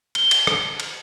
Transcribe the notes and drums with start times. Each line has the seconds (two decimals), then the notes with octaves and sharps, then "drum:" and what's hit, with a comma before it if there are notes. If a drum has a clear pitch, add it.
0.15 G7, drum: cymbal
0.31 drum: cymbal
0.47 drum: rim click
0.80 drum: cymbal